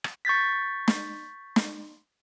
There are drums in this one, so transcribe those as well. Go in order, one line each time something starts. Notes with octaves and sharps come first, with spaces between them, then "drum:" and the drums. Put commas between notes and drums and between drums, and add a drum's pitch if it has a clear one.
drum: rim click
C#6 G6 A6 B6
drum: snare
drum: snare